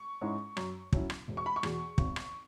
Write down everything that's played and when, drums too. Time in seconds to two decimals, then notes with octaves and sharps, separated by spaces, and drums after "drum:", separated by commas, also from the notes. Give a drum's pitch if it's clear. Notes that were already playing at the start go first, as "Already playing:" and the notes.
Already playing: C#6
0.21 G#2 G#3 C#4 E4
0.57 F#2, drum: rim click
0.92 F#3 C#4 E4, drum: kick
1.10 drum: rim click
1.28 E1
1.37 C#6
1.46 B5
1.56 C#6
1.63 E2 B2, drum: rim click
1.98 G#1, drum: kick
2.16 drum: rim click